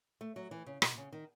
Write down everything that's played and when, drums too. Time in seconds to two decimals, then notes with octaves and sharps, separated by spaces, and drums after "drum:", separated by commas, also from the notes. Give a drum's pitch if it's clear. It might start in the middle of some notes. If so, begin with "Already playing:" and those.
0.21 A3
0.36 F#3
0.51 E3
0.66 C#3
0.82 B2, drum: rim click
0.97 C#3
1.12 D#3